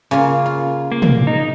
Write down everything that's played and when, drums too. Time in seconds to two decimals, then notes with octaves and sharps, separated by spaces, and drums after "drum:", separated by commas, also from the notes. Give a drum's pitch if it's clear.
0.11 C#3 A#3 F4
0.46 F4
0.92 A#3
1.02 drum: tom
1.27 D#4